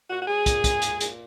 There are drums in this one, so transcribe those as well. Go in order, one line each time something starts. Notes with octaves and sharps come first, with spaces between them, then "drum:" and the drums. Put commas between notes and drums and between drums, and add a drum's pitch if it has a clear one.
A#2 F#4
F#4
F#3 G#4
A#2, drum: kick, hi-hat
G#3, drum: kick, hi-hat
A#2, drum: hi-hat
A#2, drum: hi-hat